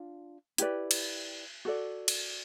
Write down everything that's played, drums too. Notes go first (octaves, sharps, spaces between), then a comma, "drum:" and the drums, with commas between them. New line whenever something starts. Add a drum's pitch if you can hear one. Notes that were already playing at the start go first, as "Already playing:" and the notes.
Already playing: D4 F4
E4 G4 B4 D5, drum: hi-hat
drum: cymbal
F#4 A4 D5
drum: cymbal